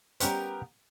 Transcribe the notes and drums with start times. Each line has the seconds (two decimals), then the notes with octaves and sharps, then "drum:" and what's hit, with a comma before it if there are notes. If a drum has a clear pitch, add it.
0.20 G3 B3 C#4 G4 A#4 C5, drum: hi-hat